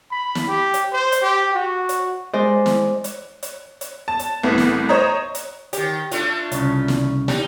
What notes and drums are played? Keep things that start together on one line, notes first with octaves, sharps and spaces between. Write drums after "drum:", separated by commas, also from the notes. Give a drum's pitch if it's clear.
B5
drum: snare
G4
drum: hi-hat
C5
drum: hi-hat
G4
F#4
drum: hi-hat
G#3 C5 D5 D#5
drum: snare
drum: hi-hat
drum: hi-hat
drum: hi-hat
A5
drum: hi-hat
C2 A2 B3
drum: snare
C5 C#5 D#5 A#5
drum: hi-hat
D#3 G4, drum: hi-hat
A3 D4 F4, drum: hi-hat
C2 C#3, drum: hi-hat
drum: snare
G3 D4 D#4, drum: snare